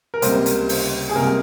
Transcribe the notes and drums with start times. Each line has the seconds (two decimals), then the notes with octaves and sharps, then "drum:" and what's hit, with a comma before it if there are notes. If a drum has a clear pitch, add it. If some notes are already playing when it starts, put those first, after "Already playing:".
0.14 A#4
0.22 C#2 C3 G3 A#3 C5, drum: hi-hat
0.46 drum: hi-hat
0.69 drum: open hi-hat
1.09 G#4
1.15 C#2 C3 G3 A#3 A#4